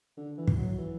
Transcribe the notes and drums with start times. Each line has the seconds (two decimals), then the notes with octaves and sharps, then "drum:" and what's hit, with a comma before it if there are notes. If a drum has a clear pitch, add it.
0.17 D3
0.38 E3
0.47 drum: kick
0.58 F#3
0.78 E3